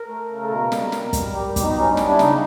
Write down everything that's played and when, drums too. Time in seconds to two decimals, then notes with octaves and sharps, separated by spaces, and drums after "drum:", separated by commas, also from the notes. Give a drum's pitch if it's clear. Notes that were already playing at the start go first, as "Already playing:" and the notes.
Already playing: A#4
0.08 A3
0.28 C#3
0.42 A4
0.49 B2 A#4
0.72 G3, drum: snare
0.92 B2, drum: snare
1.13 G3, drum: kick, hi-hat
1.34 G3 G4
1.56 B2, drum: kick, hi-hat
1.62 D#4
1.77 G3 C#4
1.91 D4
1.97 G3, drum: snare
2.09 E4
2.19 C#3 D#4, drum: snare